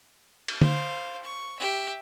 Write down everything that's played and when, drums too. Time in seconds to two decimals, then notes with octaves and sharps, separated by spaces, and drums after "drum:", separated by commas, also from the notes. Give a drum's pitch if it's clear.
0.48 drum: cymbal
0.62 C5 F5, drum: tom D3
1.23 C#6
1.59 G4 E5